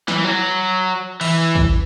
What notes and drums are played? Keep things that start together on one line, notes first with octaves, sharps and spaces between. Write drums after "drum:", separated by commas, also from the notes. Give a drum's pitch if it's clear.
E3, drum: snare
F#3
E3, drum: cymbal
drum: kick